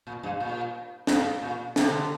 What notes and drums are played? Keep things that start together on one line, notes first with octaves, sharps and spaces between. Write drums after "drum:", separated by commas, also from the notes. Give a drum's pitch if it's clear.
A#2
G2
A#2
G2, drum: snare
A#2
C3, drum: snare
D3